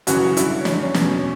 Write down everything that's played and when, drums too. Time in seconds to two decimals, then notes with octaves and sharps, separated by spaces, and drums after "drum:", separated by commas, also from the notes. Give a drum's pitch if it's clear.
0.07 F#2 C#3 E3 F#4, drum: hi-hat
0.37 G2 D3 E4, drum: hi-hat
0.59 C#4
0.65 F#2 D3 D4, drum: snare
0.80 C#4
0.94 E2 B2 C#4, drum: snare